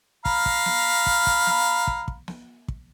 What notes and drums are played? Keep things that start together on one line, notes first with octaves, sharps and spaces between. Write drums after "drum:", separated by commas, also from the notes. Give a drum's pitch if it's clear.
F5 A#5 B5, drum: kick
drum: kick
drum: snare
drum: kick
drum: kick
drum: snare
drum: kick
drum: kick
drum: snare
drum: kick